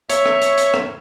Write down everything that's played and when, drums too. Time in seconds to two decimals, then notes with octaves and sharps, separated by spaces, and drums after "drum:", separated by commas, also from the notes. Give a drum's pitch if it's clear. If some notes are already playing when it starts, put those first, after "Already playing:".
0.10 C#5 E5, drum: hi-hat
0.26 drum: rim click
0.42 drum: hi-hat
0.58 drum: hi-hat
0.74 drum: rim click